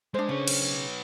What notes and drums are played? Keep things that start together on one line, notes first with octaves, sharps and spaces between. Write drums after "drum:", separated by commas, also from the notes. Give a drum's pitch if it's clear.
G#3 D4 C5
C#3 B3 C#5
drum: cymbal